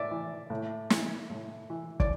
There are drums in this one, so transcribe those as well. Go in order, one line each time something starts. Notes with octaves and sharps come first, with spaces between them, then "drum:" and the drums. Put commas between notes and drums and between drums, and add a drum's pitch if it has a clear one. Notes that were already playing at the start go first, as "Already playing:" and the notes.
Already playing: A2 D5 E5
E3
A2
E3, drum: snare
A2
E3
D5, drum: kick